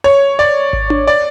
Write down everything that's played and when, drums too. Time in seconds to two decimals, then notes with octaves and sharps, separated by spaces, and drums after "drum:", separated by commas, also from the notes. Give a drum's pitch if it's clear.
0.04 C#5
0.39 D5
0.73 drum: kick G#1
0.90 drum: tom D4
1.07 D5